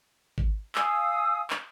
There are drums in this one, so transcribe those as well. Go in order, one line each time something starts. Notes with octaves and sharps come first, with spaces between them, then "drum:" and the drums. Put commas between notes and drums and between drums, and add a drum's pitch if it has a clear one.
drum: kick G#1
F5 G#5 D#6 E6, drum: clap
drum: clap